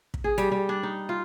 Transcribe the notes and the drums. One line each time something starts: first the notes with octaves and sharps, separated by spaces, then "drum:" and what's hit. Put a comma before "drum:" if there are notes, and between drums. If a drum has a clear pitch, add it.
drum: kick
G#4
G3, drum: hi-hat
G3
D4
D#4
F4